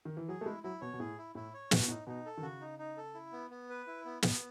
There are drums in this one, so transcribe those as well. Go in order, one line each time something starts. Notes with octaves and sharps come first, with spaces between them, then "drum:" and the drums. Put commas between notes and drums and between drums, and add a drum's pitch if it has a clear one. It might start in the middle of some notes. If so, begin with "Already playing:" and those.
D#3
E3
F#3 G#4
A3
G#3 E4
F#3 E4
B2 C#5
B2
A2 G#4
E4
A2 E4
C#5
A2 F#4, drum: snare
B2
A2 D#4
B2 D#4
A4
D#3
C#3 F#4
D#4
D#4
A4
E4
B3
B3
B4
E4
B3
B3, drum: snare